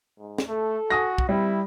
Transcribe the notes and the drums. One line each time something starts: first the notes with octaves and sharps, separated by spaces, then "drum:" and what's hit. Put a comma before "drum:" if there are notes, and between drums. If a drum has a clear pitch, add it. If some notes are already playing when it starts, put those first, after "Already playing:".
G#2
drum: snare
A3 A4
F#4 G#5 D#6 A#6
drum: kick
G3 C4 E4